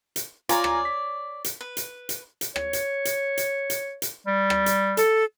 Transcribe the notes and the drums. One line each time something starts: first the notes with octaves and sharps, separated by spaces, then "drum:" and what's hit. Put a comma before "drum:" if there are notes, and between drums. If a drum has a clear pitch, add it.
drum: hi-hat
F4 C#5 D5 G#5 A#5, drum: hi-hat
drum: rim click
B6
drum: hi-hat
B4
drum: hi-hat
drum: hi-hat
drum: hi-hat
C#5, drum: rim click
drum: hi-hat
drum: hi-hat
drum: hi-hat
drum: hi-hat
drum: hi-hat
G3
drum: rim click
drum: hi-hat
A4, drum: hi-hat